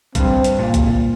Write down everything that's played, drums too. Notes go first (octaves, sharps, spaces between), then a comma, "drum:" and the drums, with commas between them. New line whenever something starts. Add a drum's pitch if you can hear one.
G2 C4, drum: kick A1, hi-hat
drum: hi-hat
A#2
drum: kick A1, hi-hat